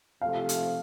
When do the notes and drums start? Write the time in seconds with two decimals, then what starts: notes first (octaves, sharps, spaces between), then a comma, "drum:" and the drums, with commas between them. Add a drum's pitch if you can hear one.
0.21 C3 F3 A3 F5
0.49 drum: hi-hat